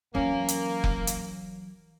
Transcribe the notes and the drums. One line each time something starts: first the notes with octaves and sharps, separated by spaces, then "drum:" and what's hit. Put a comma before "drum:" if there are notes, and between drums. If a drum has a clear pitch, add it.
E3 F#3 A#3 C#4
drum: hi-hat
drum: kick F1
drum: hi-hat